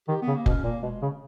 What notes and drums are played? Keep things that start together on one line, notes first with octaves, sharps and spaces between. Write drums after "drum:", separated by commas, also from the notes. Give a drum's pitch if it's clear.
D#3 G4
B3
C#3
A#3
B2, drum: kick F1
C#4
A#2 A#3
B2 G#3
C#3